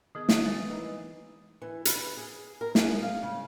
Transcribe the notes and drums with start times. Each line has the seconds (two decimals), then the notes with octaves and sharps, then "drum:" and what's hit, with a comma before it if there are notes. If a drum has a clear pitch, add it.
0.15 D#3 B3 G#4 D#5 D#6
0.29 drum: snare
0.46 G#3 A#4 G#5 A6
0.58 E3
0.70 E3 D#4 D#5
1.62 E3
1.85 B4, drum: hi-hat
2.17 G#4
2.61 A#4
2.75 G#4, drum: snare
3.03 F5
3.22 C#3